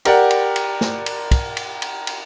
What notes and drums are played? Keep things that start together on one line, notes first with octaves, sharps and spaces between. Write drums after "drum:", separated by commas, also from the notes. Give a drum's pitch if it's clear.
G4 A#4 D5 F#5, drum: cymbal
drum: cymbal
drum: cymbal
drum: snare
drum: cymbal
drum: kick, cymbal
drum: cymbal
drum: cymbal
drum: cymbal